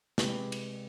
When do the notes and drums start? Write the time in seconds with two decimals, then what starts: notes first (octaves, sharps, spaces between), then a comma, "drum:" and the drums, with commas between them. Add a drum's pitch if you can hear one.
0.18 C3 G#3 G4 B4, drum: snare
0.52 drum: cymbal